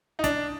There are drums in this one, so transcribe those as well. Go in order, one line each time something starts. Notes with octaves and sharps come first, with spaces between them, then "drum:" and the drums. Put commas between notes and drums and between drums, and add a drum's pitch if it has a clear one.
D#4
D4, drum: kick, hi-hat